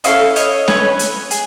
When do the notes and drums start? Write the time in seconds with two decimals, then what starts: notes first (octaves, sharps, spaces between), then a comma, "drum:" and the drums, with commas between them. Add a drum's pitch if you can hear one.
0.04 C#4 E4 A4 D#5 F5, drum: hi-hat
0.36 C#5 D#5, drum: hi-hat
0.68 C#4 F#4 A4 B4 C#5, drum: snare
0.99 drum: hi-hat
1.31 G#4, drum: hi-hat